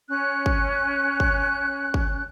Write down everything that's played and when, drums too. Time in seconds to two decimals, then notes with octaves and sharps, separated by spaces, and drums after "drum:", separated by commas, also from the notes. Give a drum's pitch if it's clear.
0.09 C#4 F#6
0.46 drum: kick
1.20 drum: kick
1.94 drum: kick